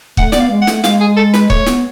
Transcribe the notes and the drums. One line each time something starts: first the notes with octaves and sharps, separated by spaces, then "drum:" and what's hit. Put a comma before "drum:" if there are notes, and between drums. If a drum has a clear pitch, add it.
A3 F#5, drum: kick
B3 D5, drum: snare
F5
G#3
F#5
A3, drum: snare
G#3 F5, drum: snare
G#4
A4
B4, drum: snare
A3 C#5, drum: kick
B3, drum: snare